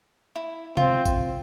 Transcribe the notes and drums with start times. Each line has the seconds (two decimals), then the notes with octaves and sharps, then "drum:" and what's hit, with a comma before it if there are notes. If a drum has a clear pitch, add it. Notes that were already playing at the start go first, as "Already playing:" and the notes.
0.36 E4
0.77 C4 F4, drum: tom C3
1.05 drum: kick A1, tambourine